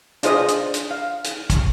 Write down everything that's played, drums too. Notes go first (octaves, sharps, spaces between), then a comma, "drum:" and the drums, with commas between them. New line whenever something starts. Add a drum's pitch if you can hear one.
D4 F4 G#4 C5 D#5 D#6, drum: hi-hat
drum: hi-hat
drum: hi-hat
F5
drum: hi-hat
drum: kick, hi-hat